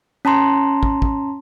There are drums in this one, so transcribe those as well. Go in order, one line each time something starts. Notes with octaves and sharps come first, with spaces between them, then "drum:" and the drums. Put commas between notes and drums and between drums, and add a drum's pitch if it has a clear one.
C#4 A5 A#5 C6
drum: kick
drum: kick